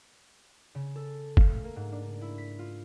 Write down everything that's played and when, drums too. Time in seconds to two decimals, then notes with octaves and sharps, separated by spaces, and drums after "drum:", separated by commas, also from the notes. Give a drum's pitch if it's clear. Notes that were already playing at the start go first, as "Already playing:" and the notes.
0.75 C#3
0.95 A4
1.37 F5, drum: kick
1.50 A3
1.64 A#3
1.76 G#2
1.92 D4
2.21 E4
2.38 B6
2.59 F4